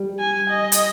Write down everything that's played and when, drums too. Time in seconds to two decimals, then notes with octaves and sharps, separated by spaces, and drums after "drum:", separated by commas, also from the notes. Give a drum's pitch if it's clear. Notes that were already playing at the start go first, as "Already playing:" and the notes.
Already playing: G3
0.20 G#5
0.50 D#5
0.72 drum: hi-hat